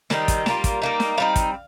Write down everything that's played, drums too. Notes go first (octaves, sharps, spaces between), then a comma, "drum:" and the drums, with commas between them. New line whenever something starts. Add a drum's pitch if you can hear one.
D#3 G3 C4 D#4, drum: snare
drum: kick, hi-hat
G3 A#3 F4, drum: snare
drum: kick, hi-hat
G3 A#3 D#4
drum: snare
G3 C4 D#4 F5
drum: kick, hi-hat